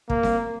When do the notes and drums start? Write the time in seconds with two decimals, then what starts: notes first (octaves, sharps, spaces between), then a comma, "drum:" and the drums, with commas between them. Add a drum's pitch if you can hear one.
0.10 A#3, drum: kick
0.23 drum: snare C4